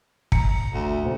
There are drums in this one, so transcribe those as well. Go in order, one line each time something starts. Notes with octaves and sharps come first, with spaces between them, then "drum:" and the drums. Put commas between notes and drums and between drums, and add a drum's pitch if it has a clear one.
A#5 C#7, drum: kick
D2
A#1 C3